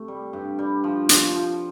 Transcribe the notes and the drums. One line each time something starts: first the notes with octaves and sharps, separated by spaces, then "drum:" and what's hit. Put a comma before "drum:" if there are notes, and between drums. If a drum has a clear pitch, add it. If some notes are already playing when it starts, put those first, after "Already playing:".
Already playing: C3 A3
G3
G2
G3
F3
F3, drum: hi-hat
F3